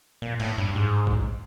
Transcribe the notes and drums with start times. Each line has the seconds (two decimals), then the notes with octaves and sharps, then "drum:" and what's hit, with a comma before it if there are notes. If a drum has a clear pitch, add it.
0.22 A#2
0.40 A2, drum: cymbal
0.58 G2
0.75 G#2
1.07 drum: kick